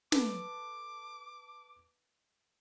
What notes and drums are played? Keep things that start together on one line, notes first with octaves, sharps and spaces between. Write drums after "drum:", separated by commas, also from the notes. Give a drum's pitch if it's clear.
A4 B4 D6, drum: snare